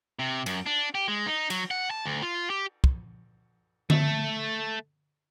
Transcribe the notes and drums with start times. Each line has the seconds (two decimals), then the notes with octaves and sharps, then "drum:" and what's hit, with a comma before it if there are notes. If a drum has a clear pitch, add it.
0.19 C3
0.46 F#2, drum: cymbal
0.66 D4
0.95 G4
1.08 G#3
1.27 D#4
1.50 F#3, drum: cymbal
1.71 F#5
1.90 A5
2.05 D2
2.23 F4
2.50 G4
2.84 drum: kick
3.90 A3, drum: tom D3